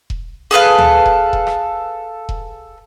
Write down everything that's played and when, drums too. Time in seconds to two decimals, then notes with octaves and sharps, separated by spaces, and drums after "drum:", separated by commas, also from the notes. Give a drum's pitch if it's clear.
0.10 drum: kick E1
0.51 G#4 A4 B4 F5
0.78 drum: tom D2
1.06 drum: kick E1
1.33 drum: kick E1
1.47 drum: rim click
2.29 drum: kick E1